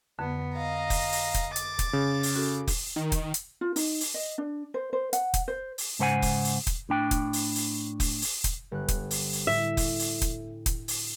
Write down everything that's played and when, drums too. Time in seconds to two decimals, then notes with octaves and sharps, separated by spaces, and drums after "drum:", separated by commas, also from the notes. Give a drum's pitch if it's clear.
0.19 F2 D3 B3
0.56 D#5 F5 A#5
0.90 drum: kick, open hi-hat
1.12 drum: open hi-hat
1.34 drum: kick, hi-hat
1.56 D6 A6, drum: hi-hat
1.79 drum: kick, hi-hat
1.93 C#3
2.23 drum: open hi-hat
2.35 C#4 F#4 A4
2.67 drum: kick, open hi-hat
2.96 D#3
3.12 drum: kick, hi-hat
3.34 drum: hi-hat
3.61 F4
3.76 D#4, drum: open hi-hat
4.01 drum: open hi-hat
4.14 D#5
4.38 D4
4.74 C5
4.93 C5
5.13 F#5, drum: hi-hat
5.34 drum: kick, hi-hat
5.48 C5
5.78 drum: open hi-hat
5.99 G#2 C#3 C5 F#5 G#5
6.22 drum: kick, open hi-hat
6.44 drum: open hi-hat
6.67 drum: kick, hi-hat
6.89 A2 D4 G5
7.11 drum: kick, hi-hat
7.33 drum: open hi-hat
7.55 drum: open hi-hat
8.00 drum: kick, open hi-hat
8.22 drum: open hi-hat
8.44 drum: kick, hi-hat
8.72 G1 F#6
8.88 drum: kick, hi-hat
9.11 drum: open hi-hat
9.33 drum: open hi-hat
9.47 A2 E5
9.77 drum: kick, open hi-hat
9.99 drum: open hi-hat
10.21 drum: kick, hi-hat
10.66 drum: kick, hi-hat
10.88 drum: open hi-hat